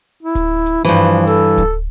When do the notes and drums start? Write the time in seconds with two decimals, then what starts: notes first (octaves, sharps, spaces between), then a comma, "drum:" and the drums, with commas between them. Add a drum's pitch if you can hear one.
0.23 E4
0.35 drum: kick D1, hi-hat
0.66 drum: hi-hat
0.85 G2 E3 F3
0.96 drum: hi-hat
1.27 A4, drum: open hi-hat
1.58 drum: kick D1, hi-hat